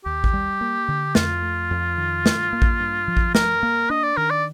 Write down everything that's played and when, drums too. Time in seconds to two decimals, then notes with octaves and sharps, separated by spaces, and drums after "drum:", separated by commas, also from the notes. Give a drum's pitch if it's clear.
0.05 D#2 G4
0.24 drum: kick A1
0.33 G3
0.61 A#3
0.88 D3
1.15 F2 F4, drum: snare
1.42 A3
1.70 F2
1.97 D#3
2.26 G2, drum: snare
2.53 A#3
2.62 drum: kick A1
2.80 G2
3.08 F3
3.17 drum: kick A1
3.35 G2 A#4, drum: snare
3.63 A#3
3.90 D4 D#5
4.04 D5
4.17 D#3 A#4
4.30 D5